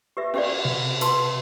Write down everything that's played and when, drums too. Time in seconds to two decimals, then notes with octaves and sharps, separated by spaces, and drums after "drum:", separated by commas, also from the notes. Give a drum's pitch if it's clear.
0.17 G4 B4 E5
0.34 C#4 G4 D5, drum: cymbal
0.65 C3
1.01 B4 A5 C6, drum: hi-hat